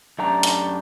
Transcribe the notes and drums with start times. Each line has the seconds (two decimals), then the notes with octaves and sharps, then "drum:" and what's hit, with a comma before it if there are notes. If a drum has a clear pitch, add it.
0.18 F#2 A3 D4 G4 A#5
0.43 drum: hi-hat